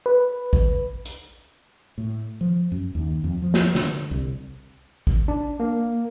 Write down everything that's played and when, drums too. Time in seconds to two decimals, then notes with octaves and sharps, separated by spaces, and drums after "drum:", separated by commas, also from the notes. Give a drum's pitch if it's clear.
0.06 B4
0.53 drum: kick A1
1.05 drum: hi-hat
1.98 A2
2.41 F3
2.72 F#2
2.95 D#2
3.24 F2
3.42 F3
3.54 drum: snare
3.75 D3, drum: snare
4.11 C2
5.07 drum: kick A1
5.28 D4
5.60 A#3